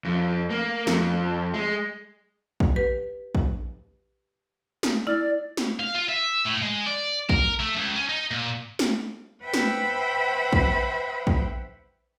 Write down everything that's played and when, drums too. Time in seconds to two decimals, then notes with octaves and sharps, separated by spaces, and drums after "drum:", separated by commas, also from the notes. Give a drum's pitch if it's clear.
0.05 F2
0.50 A#3
0.87 F2, drum: snare
1.54 G#3
2.60 drum: kick
2.76 G4 B4
3.35 drum: kick
4.83 drum: snare
5.07 E4 D5 F6
5.57 drum: snare
5.79 F5
5.95 F4
6.09 E5
6.45 A2
6.62 G#3
6.86 D5
7.29 A#4, drum: kick
7.59 A3
7.76 C#2
7.96 C#4
8.09 D#4
8.31 A#2
8.79 drum: snare
9.43 B4 C5 E5 F#5 G5 B5
9.54 drum: snare
10.53 drum: kick
11.27 drum: kick